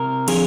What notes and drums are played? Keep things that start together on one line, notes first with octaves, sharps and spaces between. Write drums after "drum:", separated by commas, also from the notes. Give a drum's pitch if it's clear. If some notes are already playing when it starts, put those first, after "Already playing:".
Already playing: C3 A#4
D3 F3 C4 G#4, drum: cymbal